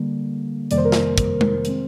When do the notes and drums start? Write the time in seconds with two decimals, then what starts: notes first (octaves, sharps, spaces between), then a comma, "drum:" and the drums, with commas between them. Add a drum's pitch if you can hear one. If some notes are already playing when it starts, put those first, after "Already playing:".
Already playing: D3 G3 A#3
0.71 F2 C3 D#3 G3 A#3 D5, drum: hi-hat
0.78 C5
0.85 A#4
0.92 C5, drum: snare
1.18 drum: kick, hi-hat
1.41 drum: tom G#3
1.65 D#3 G#3 C4, drum: hi-hat